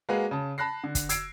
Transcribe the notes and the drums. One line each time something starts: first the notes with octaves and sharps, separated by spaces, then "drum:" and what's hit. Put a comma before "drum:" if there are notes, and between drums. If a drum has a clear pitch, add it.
G#3 A#3 F#4 G#4 B4 F5
C#3 A5
A5 B5 F#6 A#6 C7
D3
drum: kick, hi-hat
E6 G#6 C7 D7, drum: hi-hat